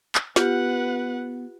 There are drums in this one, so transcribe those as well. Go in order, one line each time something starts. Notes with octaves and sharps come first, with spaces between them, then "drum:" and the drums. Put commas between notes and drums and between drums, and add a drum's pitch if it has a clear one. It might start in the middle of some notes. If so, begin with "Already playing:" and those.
drum: clap
B3 F4 G4 B4 F#5, drum: snare